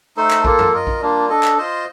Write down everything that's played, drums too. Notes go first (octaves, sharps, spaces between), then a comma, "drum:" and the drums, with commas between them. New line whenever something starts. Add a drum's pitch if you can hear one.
A3 D#4 A4 C5
drum: clap
A#3 F4 A4, drum: kick A#1
drum: tom F#2
F4 A#4 D#5
drum: kick A#1
G3 A#3 D4 F4
D4 A4 D#5
drum: clap
F4 C5 D#5